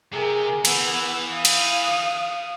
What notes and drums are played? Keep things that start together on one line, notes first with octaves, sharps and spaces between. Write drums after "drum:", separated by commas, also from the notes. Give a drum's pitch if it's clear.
C3 G#4 A#4
E3 B3 E6, drum: cymbal
F5 D#6
drum: cymbal